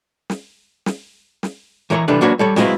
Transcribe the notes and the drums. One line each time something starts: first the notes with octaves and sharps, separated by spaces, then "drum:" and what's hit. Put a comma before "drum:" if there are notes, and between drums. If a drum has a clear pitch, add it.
drum: snare
drum: snare
drum: snare
E3 A#4 C#5 A#5
C3 E3 G3 D4 A4 B4
F#3 A#3 D4 F#4 B4 C#5
G3 A4 C#5
F#3 G#3 C4 E4 F4 B4, drum: snare